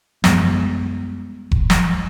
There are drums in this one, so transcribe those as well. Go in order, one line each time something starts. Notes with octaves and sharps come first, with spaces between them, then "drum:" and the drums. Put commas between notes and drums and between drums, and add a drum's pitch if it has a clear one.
F#2 G3 G#3 B3, drum: snare
drum: kick F1
drum: snare